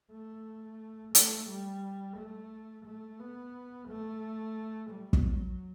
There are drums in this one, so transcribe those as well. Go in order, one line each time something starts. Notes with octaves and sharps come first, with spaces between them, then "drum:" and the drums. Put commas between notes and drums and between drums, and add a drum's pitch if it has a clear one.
A3
A3, drum: hi-hat
G3
A3
A3
B3
A3
G3
drum: kick
F#3